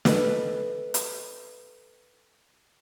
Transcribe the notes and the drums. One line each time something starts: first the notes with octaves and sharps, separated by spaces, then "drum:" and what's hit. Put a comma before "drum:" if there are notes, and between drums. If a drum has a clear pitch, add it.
A4 B4 D#5, drum: snare
drum: hi-hat